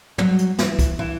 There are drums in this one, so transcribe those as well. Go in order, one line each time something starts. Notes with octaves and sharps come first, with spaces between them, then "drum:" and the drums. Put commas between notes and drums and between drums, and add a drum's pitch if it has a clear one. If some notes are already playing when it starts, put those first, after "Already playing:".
F#3, drum: tom
drum: hi-hat
E3, drum: snare
drum: kick C2, hi-hat
E3